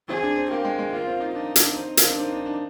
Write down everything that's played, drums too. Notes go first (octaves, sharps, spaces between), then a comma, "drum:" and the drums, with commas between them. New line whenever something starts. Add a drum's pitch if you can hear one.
C4 G#4
D4
C4
A#3 G4
G#3
G#3
A#3 F4
C4
D#4
D4 D#4
D4, drum: hi-hat
C4
A#3, drum: hi-hat
D4
C4 D#4
D4
D4